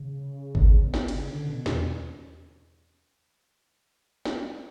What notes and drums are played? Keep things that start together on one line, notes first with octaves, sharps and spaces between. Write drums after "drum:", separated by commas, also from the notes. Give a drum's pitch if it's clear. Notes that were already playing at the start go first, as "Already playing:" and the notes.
Already playing: C#3
D3, drum: kick G1
C#3
B2
drum: snare
C#3, drum: cymbal
D3
B2
E2, drum: snare
drum: snare